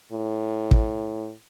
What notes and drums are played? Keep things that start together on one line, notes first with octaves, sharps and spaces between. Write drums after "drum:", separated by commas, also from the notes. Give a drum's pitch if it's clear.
A2
drum: kick